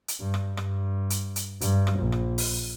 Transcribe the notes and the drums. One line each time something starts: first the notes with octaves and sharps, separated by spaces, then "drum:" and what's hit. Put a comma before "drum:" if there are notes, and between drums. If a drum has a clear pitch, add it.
drum: hi-hat
G2
drum: rim click
G2, drum: rim click
drum: hi-hat
drum: hi-hat
G2, drum: hi-hat
drum: rim click
A#1
drum: rim click
drum: open hi-hat